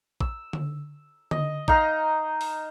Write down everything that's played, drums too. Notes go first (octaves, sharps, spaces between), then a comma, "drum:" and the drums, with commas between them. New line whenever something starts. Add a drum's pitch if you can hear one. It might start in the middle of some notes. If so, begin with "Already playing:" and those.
E6, drum: kick A1
drum: tom D3
D#5, drum: tom D3
D#4 D#5 F5 A#5, drum: kick A1
drum: open hi-hat